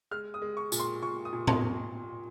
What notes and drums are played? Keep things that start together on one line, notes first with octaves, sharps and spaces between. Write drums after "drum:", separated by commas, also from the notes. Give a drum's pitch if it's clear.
G#3 F6
D#6
G#3
C#6
A#2, drum: tambourine
C6
A#2 C#6
D#6
A#2
C6, drum: tom